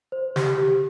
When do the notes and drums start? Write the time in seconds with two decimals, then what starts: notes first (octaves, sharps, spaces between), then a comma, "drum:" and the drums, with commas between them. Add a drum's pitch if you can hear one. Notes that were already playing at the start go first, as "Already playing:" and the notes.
0.12 C5
0.36 G4, drum: snare
0.58 G4